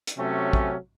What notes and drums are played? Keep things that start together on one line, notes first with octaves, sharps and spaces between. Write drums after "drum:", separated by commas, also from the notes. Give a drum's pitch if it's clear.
drum: hi-hat
C3 F#3 A3 C#4
drum: kick